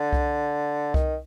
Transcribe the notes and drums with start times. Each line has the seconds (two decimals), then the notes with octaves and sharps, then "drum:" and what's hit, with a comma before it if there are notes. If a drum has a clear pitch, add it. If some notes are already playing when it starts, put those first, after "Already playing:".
Already playing: D3
0.13 drum: kick C2
0.94 D#3, drum: kick C2